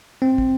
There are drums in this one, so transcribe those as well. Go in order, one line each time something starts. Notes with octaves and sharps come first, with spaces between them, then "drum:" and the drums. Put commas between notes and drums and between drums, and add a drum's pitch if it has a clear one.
C4
drum: kick